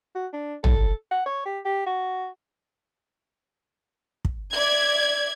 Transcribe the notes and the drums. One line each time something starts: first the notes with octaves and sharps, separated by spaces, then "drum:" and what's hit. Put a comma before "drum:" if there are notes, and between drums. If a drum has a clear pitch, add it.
F#4
D4
A4, drum: tom
F#5
C#5
G4
G4
F#4
drum: kick
D5 E5 G#6